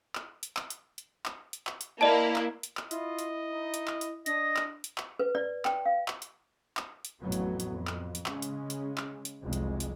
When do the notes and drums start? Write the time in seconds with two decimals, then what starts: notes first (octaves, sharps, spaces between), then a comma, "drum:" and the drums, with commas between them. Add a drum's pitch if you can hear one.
0.15 drum: clap
0.43 drum: hi-hat
0.57 drum: clap
0.70 drum: hi-hat
0.98 drum: hi-hat
1.26 drum: clap
1.53 drum: hi-hat
1.67 drum: clap
1.81 drum: hi-hat
2.01 A#3 E4 D5 D#5 A5
2.36 drum: clap
2.63 drum: hi-hat
2.77 drum: clap
2.91 E4 F4 D#5, drum: hi-hat
3.19 drum: hi-hat
3.52 D#4
3.74 drum: hi-hat
3.87 drum: clap
4.01 drum: hi-hat
4.26 D4 D#5 A#6, drum: hi-hat
4.56 drum: clap
4.84 drum: hi-hat
4.98 drum: clap
5.19 B4
5.35 D5
5.65 G5, drum: clap
5.86 F5
6.08 drum: clap
6.22 drum: hi-hat
6.77 drum: clap
7.05 drum: hi-hat
7.22 A1 F2 A2 F#3 A3 B3
7.32 drum: hi-hat
7.60 drum: hi-hat
7.72 F2
7.87 drum: clap
8.15 drum: hi-hat
8.26 C#3 G#3 C#4, drum: clap
8.42 drum: hi-hat
8.70 drum: hi-hat
8.98 drum: clap
9.25 drum: hi-hat
9.42 F1 C2 F2 G#3
9.53 drum: hi-hat
9.80 drum: hi-hat